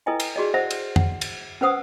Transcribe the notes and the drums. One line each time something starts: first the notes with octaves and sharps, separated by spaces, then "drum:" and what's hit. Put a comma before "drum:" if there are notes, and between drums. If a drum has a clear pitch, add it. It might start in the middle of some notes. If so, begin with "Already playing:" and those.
E4 A4 B4 D#5 G5 G#5
drum: cymbal
F#4 G#4 D5 D#5
C5 D#5 E5 F#5
drum: cymbal
F#5, drum: tom
drum: cymbal
C#4 B4 C5 F#5 D#6 E6